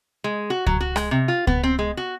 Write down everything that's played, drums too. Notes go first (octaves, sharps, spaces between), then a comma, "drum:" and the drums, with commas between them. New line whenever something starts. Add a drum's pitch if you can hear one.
G#3
F#4
F#3, drum: kick C#2
F#4
G#3, drum: rim click
C3
F4
B3, drum: kick C#2
C4
G#3
F#4